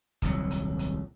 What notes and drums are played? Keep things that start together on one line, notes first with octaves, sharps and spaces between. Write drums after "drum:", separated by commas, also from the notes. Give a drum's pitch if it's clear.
D#1 C2 F#3, drum: kick D#1, hi-hat
drum: hi-hat
drum: hi-hat